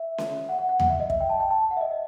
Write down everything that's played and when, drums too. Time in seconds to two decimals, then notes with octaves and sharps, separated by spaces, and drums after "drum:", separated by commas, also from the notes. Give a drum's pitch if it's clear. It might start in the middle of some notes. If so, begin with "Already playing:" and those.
Already playing: E5
0.18 drum: snare C#4
0.49 F#5
0.59 F#5
0.69 F#5
0.80 F#5, drum: tom E2
0.90 E5
1.00 D#5
1.10 E5, drum: kick
1.20 G5
1.30 A5
1.40 G5
1.51 A5
1.71 F#5
1.77 E5
1.81 D#5
1.91 D#5